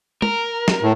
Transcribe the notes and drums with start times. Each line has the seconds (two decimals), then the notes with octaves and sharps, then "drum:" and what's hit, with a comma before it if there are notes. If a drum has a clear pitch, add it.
0.22 A#4, drum: tom
0.68 drum: snare
0.82 A2